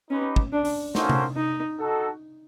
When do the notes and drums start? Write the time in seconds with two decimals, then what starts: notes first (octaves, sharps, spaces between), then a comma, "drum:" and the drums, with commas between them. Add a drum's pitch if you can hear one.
0.11 C#4 D#4 G4 B4
0.36 drum: kick
0.53 D4
0.65 drum: open hi-hat
0.95 A#3 C#4 D#4 F#4 A4 C5, drum: snare
1.09 drum: tom C3
1.36 D#4
1.79 D#4 F#4 A4